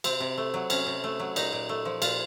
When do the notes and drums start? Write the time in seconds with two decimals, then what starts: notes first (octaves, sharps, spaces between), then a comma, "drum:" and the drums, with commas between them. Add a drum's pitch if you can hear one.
0.04 C3 C4, drum: cymbal
0.20 C3
0.38 A3
0.54 F#3
0.70 C3 C#4, drum: cymbal
0.86 C3
1.04 A3
1.20 F#3
1.36 A#2 D#4, drum: cymbal
1.52 A#2
1.69 A3
1.85 F3
2.02 A#2 F4, drum: cymbal